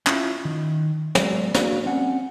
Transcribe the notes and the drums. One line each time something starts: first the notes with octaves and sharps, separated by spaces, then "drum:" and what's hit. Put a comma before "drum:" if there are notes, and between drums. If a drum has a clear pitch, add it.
C#4 E4 F4, drum: clap
D#3
F#3 G#3 B3 A4 D5, drum: snare
A#3 D4 F#4 A#4 D5 F5, drum: snare
C4 C#4 F#5